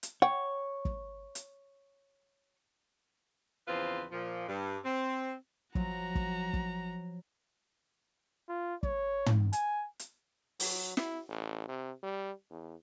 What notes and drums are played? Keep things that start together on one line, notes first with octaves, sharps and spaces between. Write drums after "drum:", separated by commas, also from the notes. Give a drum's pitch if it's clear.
drum: hi-hat
C#5 F#5 G5
drum: kick
drum: hi-hat
E2 C#3 F3 C4 F4 B4
A#2 F3
G2
C4
F3 F#3 F#4 A#5, drum: kick
drum: kick
drum: kick
F4
C#5, drum: kick
drum: tom
G#5, drum: hi-hat
drum: hi-hat
F#3, drum: open hi-hat
E4, drum: snare
A1
C3
G3
E2